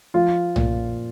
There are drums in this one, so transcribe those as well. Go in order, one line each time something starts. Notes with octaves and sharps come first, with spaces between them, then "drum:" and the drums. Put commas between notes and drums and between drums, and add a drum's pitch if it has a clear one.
F3 F4
A#2, drum: tom B1